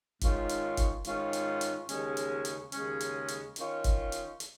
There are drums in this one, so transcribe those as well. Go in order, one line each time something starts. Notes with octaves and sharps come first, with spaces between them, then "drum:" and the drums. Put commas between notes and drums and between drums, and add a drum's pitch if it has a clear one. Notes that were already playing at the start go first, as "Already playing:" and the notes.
G#2 D#3 C#4 F4, drum: kick F#1, hi-hat
drum: hi-hat
drum: kick F#1, hi-hat
G#2 D#3 C#4 F4, drum: hi-hat
drum: hi-hat
drum: hi-hat
D#2 C#3 G#3 C#4, drum: hi-hat
drum: hi-hat
drum: hi-hat
D#2 C#3 G#3 C#4, drum: hi-hat
drum: hi-hat
drum: hi-hat
D#3 C#4 F4, drum: hi-hat
drum: kick F#1, hi-hat
drum: hi-hat
drum: hi-hat